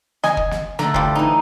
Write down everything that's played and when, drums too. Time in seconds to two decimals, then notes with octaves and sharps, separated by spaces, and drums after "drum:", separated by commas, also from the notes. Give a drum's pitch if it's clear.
0.24 D#5 G#5, drum: snare
0.37 drum: kick
0.51 drum: snare
0.79 D3 A3 A#5, drum: snare
0.94 F3 G3, drum: kick
1.15 E3 D#4